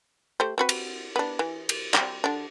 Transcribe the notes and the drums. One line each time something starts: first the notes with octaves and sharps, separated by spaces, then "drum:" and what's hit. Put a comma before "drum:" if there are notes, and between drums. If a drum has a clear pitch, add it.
A3 G4 C5
C4 F#4 B4
drum: cymbal
B3 D4
E3
drum: cymbal
G3 C4, drum: clap
D3 D4